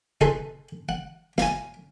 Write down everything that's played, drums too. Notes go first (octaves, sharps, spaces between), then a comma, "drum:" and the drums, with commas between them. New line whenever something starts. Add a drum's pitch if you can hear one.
D#4 G#4 A4 B4 C6, drum: tom C#3
F#5
F5 G#5, drum: snare